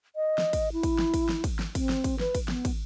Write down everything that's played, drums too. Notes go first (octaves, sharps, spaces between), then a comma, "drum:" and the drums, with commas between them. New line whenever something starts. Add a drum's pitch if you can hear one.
D#5
drum: snare
drum: kick, cymbal
E4
drum: kick, cymbal
drum: snare
drum: kick, cymbal
drum: snare
drum: kick, cymbal
drum: snare
C4, drum: kick, cymbal
drum: snare
drum: kick, cymbal
B4, drum: snare
drum: kick, cymbal
B3, drum: snare
drum: kick, cymbal